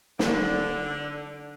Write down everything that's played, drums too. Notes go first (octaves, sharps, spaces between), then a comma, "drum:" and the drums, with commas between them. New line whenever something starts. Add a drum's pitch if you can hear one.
D3, drum: snare